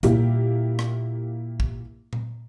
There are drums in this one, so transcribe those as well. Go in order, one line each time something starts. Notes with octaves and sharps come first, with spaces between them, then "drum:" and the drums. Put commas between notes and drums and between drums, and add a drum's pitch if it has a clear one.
A#2 G3 A#3 E4 G4, drum: hi-hat
drum: rim click
drum: kick
drum: tom A#2